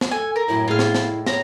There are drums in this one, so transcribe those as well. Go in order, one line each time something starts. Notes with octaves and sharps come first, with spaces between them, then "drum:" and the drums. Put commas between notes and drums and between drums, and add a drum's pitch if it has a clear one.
drum: snare
A4 G#5
A#4
F#2 A2 F#3 E4
A2 G#3 F4 G#4 F6
drum: snare
drum: snare
C#5 A#5, drum: snare